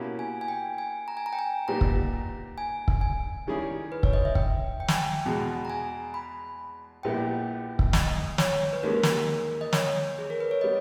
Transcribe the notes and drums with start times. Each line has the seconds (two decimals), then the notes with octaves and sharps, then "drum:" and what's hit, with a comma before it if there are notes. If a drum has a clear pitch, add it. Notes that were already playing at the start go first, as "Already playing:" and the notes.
Already playing: B2 A#3 C#4 E4 G4
0.19 G#5
0.41 G#5
0.48 G5
0.78 G#5
1.08 A#5
1.17 G#5
1.26 A#5
1.33 G5
1.39 G#5
1.68 A#2 G3 B3 D#4 G4 A#5
1.81 drum: kick
2.58 G#5
2.88 drum: kick
3.01 G#5
3.47 D#3 G3 C#4 E4 G#4
3.92 B4
4.03 C#5, drum: kick
4.13 D#5
4.25 E5
4.35 G5, drum: kick
4.80 G5
4.88 G#5, drum: snare
4.95 G5
5.25 E2 B2 G#3
5.65 A#5
5.70 G#5
6.14 B5
7.03 A#1 A#2 G3 B3 E4 G5
7.79 drum: kick
7.93 D#5, drum: snare
8.38 C#5, drum: snare
8.73 B4
8.83 D#2 D#3 G#3 C#4 G4 A#4
9.03 drum: snare
9.61 D#5
9.73 C#5, drum: snare
10.19 G#4
10.30 A#4
10.41 B4
10.51 C#5
10.61 G3 B3 D#5